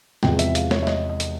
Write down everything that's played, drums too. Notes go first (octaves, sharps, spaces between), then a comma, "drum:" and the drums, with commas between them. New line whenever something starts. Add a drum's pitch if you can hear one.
E2 C3 F3 G#3 G5, drum: snare
E5, drum: hi-hat
F5, drum: hi-hat
C#5, drum: snare
E5
D#5, drum: snare
D#5
drum: hi-hat